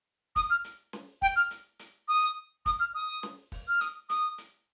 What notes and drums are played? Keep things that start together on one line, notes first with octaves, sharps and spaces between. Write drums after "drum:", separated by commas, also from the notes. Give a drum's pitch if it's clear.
D#6, drum: kick, hi-hat
F6
drum: hi-hat
drum: snare C#4
G5, drum: kick, open hi-hat
F6
drum: hi-hat
drum: hi-hat
D#6
D#6, drum: kick, hi-hat
F6
D#6
drum: snare C#4
drum: kick, open hi-hat
F6
D#6, drum: hi-hat
D#6, drum: hi-hat
drum: hi-hat